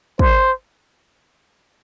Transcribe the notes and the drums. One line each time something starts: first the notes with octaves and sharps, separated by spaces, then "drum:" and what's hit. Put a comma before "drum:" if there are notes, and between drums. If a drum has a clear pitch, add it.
C5, drum: kick